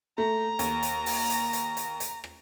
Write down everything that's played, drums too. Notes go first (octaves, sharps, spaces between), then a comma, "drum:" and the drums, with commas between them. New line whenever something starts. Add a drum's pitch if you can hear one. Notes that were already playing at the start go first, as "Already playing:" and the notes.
A3 A#5
D#2, drum: hi-hat
drum: hi-hat
drum: open hi-hat
drum: hi-hat
drum: hi-hat
drum: hi-hat
drum: hi-hat
drum: rim click